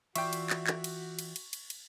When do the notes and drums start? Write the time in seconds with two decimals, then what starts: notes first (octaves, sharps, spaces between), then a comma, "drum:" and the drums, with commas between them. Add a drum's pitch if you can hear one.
0.16 E3 F4 F#4 D5 E5 G5 C#6, drum: cymbal
0.33 drum: cymbal
0.50 drum: clap
0.67 drum: clap
0.84 drum: cymbal
1.19 drum: cymbal
1.36 drum: cymbal
1.53 drum: cymbal
1.70 drum: cymbal